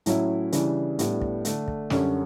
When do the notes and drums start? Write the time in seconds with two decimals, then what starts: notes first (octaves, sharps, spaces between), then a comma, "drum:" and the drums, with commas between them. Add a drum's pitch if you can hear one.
0.06 A2 F#3 C#4 E4, drum: hi-hat
0.52 C#3 E3 G3 D4, drum: hi-hat
0.99 A2 G3 B3 D4, drum: hi-hat
1.22 drum: kick
1.45 D3 A3 D4, drum: hi-hat
1.68 drum: kick
1.90 F#2 D3 G3 C#4, drum: snare